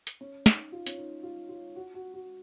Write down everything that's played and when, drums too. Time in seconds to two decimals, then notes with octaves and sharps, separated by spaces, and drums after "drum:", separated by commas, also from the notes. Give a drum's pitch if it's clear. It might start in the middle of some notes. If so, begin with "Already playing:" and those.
0.07 drum: hi-hat
0.21 C#4
0.46 D#4, drum: snare
0.72 F4
0.87 C#4, drum: hi-hat
0.98 D#4
1.23 F4
1.49 F4
1.76 F#4
1.94 F#4
2.14 F#4